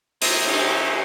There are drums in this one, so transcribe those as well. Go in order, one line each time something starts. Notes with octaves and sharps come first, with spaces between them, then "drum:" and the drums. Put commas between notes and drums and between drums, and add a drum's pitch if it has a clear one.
D#2 C5 E5, drum: open hi-hat
drum: cymbal